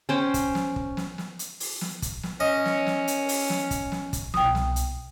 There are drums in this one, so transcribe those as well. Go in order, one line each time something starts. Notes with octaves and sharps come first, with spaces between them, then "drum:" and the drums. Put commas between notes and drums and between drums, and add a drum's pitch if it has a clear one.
C#4 C5 G5
drum: kick, hi-hat
drum: snare
drum: kick
drum: snare
drum: snare
drum: hi-hat
drum: open hi-hat
drum: snare
drum: kick, hi-hat
drum: snare
C#4 D#5
drum: snare
drum: snare
drum: hi-hat
drum: open hi-hat
drum: snare
drum: kick, hi-hat
drum: snare
drum: kick, hi-hat
C2 B2 G5 D#6, drum: snare
drum: snare
drum: hi-hat